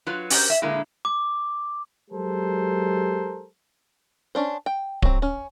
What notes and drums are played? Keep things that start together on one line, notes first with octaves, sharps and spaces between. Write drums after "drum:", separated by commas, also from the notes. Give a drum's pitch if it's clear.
F#3 F4 B4
C#4 F#4 G4 A4 A#4 C5, drum: open hi-hat
E5
A#2 D3 G#3 A#3 E4
D6
F#3 G#3 G4 A4 A#4 C5
C#4 D4 C5
G5
F#3 C4, drum: kick D1
C#4